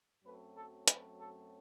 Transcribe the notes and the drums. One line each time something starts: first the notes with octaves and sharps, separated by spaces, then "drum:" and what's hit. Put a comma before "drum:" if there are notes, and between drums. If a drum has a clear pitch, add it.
F#2 F#3 A3 C4 B4
A4
B4, drum: hi-hat
A4